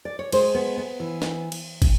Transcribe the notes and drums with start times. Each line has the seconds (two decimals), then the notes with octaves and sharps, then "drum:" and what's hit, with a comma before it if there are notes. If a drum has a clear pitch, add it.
0.05 D5
0.19 C#5
0.32 G#3 C5, drum: cymbal
0.55 B3
0.78 B3
1.00 E3
1.22 B3, drum: snare
1.52 drum: cymbal
1.82 drum: kick, cymbal